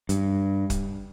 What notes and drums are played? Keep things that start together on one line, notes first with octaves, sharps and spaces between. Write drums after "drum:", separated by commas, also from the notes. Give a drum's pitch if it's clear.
G2, drum: hi-hat
drum: kick, hi-hat